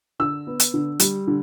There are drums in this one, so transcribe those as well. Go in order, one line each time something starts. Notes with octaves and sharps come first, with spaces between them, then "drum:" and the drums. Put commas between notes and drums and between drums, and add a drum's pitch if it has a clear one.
D3 E6
B3
drum: hi-hat
D3
G3, drum: hi-hat
D3